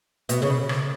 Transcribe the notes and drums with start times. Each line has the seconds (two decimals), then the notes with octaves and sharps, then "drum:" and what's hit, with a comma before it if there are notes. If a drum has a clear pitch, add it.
0.29 B2, drum: hi-hat
0.42 C#3
0.69 drum: rim click